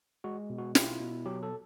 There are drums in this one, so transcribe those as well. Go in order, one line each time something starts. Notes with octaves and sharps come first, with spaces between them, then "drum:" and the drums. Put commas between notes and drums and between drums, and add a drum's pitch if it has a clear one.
G#3 F#4
B2
F#4
E4 F4, drum: snare
B2
F#3 G4
A4